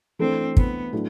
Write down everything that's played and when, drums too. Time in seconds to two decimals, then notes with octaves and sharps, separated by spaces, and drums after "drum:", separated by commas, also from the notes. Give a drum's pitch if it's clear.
0.19 E3 A3 C4 D4 A4
0.57 B3, drum: kick
0.92 A2 F#3 A3 D4